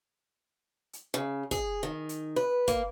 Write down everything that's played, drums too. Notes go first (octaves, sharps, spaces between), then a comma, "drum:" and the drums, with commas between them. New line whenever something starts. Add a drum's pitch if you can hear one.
drum: hi-hat
C#3
G#4, drum: kick, hi-hat
D#3
drum: hi-hat
B4
A#3, drum: kick, hi-hat